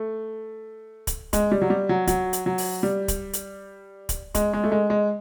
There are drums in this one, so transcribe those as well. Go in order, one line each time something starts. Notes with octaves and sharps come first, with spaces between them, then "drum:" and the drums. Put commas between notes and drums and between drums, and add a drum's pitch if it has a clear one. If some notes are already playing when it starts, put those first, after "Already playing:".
Already playing: A3
drum: kick D1, hi-hat
G#3, drum: kick D1, hi-hat
G3
F#3
G3
F#3
F#3, drum: kick D1, hi-hat
drum: hi-hat
F#3
drum: open hi-hat
G3
drum: kick D1, hi-hat
drum: hi-hat
drum: kick D1, hi-hat
G#3, drum: kick D1, hi-hat
G#3
A3
G#3
G#3